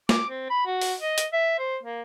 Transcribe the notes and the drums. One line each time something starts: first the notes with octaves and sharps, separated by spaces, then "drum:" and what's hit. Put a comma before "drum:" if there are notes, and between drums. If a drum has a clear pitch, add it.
D6, drum: snare
C4
B5
F#4
drum: open hi-hat
D#5
drum: hi-hat
E5
C5
A#3